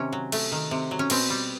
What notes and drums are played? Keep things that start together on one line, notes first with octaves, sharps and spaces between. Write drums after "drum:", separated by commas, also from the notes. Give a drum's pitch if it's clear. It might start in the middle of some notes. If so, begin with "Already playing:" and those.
Already playing: C3 D#3 C#4
F#3
A3, drum: cymbal
D#3
C3
F#3
C#4
B2 C4, drum: cymbal
G3